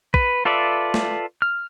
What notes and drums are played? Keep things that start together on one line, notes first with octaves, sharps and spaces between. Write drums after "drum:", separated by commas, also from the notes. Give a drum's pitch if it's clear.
B4, drum: kick
F4 A4 B4 D5 E5
drum: snare
F6